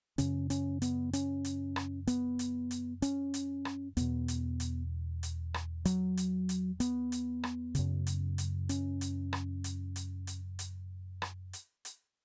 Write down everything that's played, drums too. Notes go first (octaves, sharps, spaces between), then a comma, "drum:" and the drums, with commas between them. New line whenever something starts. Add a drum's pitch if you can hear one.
F#2 C#3 C#4, drum: hi-hat
C#4, drum: hi-hat
B3, drum: hi-hat
C#4, drum: hi-hat
drum: hi-hat
drum: rim click
B3, drum: hi-hat
drum: hi-hat
drum: hi-hat
C#4, drum: hi-hat
drum: hi-hat
drum: rim click
E2 B2 B3, drum: hi-hat
drum: hi-hat
drum: hi-hat
drum: hi-hat
drum: rim click
F#3, drum: hi-hat
drum: hi-hat
drum: hi-hat
B3, drum: hi-hat
drum: hi-hat
drum: rim click
F#2 C#3, drum: hi-hat
drum: hi-hat
drum: hi-hat
C#4, drum: hi-hat
drum: hi-hat
drum: rim click
drum: hi-hat
drum: hi-hat
drum: hi-hat
drum: hi-hat
drum: rim click
drum: hi-hat
drum: hi-hat